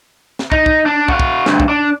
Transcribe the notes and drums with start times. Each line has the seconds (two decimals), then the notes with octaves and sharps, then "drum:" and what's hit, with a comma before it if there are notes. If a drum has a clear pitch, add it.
0.39 drum: snare
0.52 D#4, drum: kick
0.66 drum: kick
0.86 D4
1.08 F#4 F5, drum: kick
1.20 drum: kick
1.46 D2 G2, drum: snare
1.60 drum: kick
1.69 D4